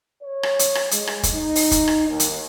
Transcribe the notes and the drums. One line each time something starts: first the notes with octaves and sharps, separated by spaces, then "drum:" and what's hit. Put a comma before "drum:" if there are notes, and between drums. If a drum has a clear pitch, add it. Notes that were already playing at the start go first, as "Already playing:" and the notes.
C#5
drum: rim click
drum: hi-hat
drum: rim click
G#3, drum: hi-hat
drum: rim click
drum: kick, hi-hat
D#4
drum: open hi-hat
drum: kick, hi-hat
drum: rim click
D#2
drum: hi-hat